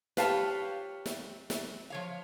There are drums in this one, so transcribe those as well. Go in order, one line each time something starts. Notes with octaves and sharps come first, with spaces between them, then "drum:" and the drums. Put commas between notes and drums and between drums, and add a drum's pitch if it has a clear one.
F4 G4 B4 C#5 F5 A5, drum: snare
drum: snare
drum: snare
F3 C#5 F5